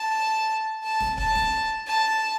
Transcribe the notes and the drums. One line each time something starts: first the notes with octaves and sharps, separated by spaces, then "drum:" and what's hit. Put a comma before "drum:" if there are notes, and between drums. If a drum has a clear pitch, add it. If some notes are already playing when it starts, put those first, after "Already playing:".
Already playing: A5
A5
drum: snare
A5, drum: kick C#1
drum: snare
A5